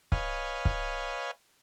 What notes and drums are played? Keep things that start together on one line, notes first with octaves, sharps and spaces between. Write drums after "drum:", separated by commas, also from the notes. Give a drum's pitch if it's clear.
B4 C#5 D#5 F5 G#5, drum: kick
drum: kick